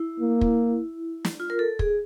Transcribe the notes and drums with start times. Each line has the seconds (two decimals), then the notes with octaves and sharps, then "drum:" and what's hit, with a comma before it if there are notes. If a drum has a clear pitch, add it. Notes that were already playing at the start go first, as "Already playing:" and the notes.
Already playing: E4
0.20 A#3
0.41 drum: kick
1.25 drum: snare
1.40 F4
1.50 A#4
1.59 A4
1.79 G#4, drum: kick